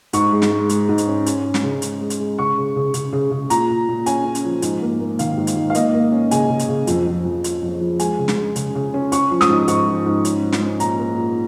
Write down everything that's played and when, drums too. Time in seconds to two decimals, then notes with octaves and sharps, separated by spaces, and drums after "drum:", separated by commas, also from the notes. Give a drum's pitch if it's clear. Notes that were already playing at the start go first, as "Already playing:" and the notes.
0.13 G#2 C#6, drum: hi-hat
0.32 G#3
0.42 drum: snare
0.51 G#3
0.69 G#3, drum: hi-hat
0.89 G#2
0.98 drum: hi-hat
1.07 C#4
1.26 C#4, drum: hi-hat
1.44 C#4
1.54 drum: snare
1.63 C#3
1.82 G#3, drum: hi-hat
2.01 G#3
2.10 drum: hi-hat
2.20 G#3
2.38 C#3 C#6
2.58 C#3
2.76 C#3
2.94 C#3, drum: hi-hat
3.13 C#3
3.31 C#3
3.50 A#2 A#5, drum: hi-hat
3.70 A#2
3.89 A#2
4.06 C#4 G#5, drum: hi-hat
4.25 C#4
4.35 drum: hi-hat
4.45 F3
4.62 G#2, drum: hi-hat
4.82 A#3
5.00 A#3
5.19 D#3 F5, drum: hi-hat
5.37 G#2
5.47 drum: hi-hat
5.56 G#2
5.70 F5
5.75 A#3 D#5, drum: hi-hat
5.94 A#3
6.12 C#4
6.31 C#3 G#5, drum: hi-hat
6.49 C#3
6.59 drum: hi-hat
6.69 C#3
6.87 F2, drum: hi-hat
7.07 F2
7.25 F2
7.44 F3, drum: hi-hat
7.63 F2
7.81 F3
7.99 G#3 G#5, drum: hi-hat
8.19 C#3
8.28 drum: snare
8.37 G#3
8.56 C#3, drum: hi-hat
8.75 C#3
8.94 C#4
9.12 C#4 C#6, drum: hi-hat
9.31 F3
9.41 D#6, drum: snare
9.50 G#2
9.68 G#2 C#6, drum: hi-hat
9.88 F3
10.06 G#2
10.25 C#4, drum: hi-hat
10.43 F3
10.52 drum: snare
10.62 C#4
10.80 A#2 A#5, drum: hi-hat
10.99 A#3
11.17 A#2